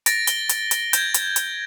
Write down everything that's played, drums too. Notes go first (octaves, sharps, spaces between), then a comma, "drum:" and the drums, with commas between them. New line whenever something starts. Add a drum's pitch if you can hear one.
A6 A#6 D7, drum: hi-hat
G7, drum: hi-hat
drum: hi-hat
drum: hi-hat
G6 G#6, drum: hi-hat
drum: hi-hat
drum: hi-hat